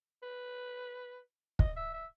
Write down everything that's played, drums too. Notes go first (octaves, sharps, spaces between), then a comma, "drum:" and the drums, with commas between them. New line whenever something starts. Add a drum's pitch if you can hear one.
B4
D#5, drum: kick
E5
E5